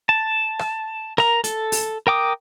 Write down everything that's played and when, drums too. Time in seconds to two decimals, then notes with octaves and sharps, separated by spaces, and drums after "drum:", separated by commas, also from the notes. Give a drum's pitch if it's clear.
0.09 A5
0.59 drum: rim click
1.18 A#4 A#5, drum: rim click
1.44 A4, drum: hi-hat
1.72 drum: open hi-hat
2.07 A#4 G5 D6 D#6